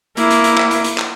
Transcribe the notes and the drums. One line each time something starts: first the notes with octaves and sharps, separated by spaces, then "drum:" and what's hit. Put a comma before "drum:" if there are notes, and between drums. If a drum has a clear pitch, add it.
A#3 E4, drum: hi-hat
drum: hi-hat
drum: hi-hat
drum: clap
drum: hi-hat
drum: hi-hat
drum: clap